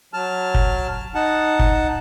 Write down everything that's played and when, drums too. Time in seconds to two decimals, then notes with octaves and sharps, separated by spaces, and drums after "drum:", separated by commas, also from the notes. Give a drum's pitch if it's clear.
0.14 F#3 A5 F6
0.54 drum: kick
1.15 D#4 F#5 A5
1.59 drum: kick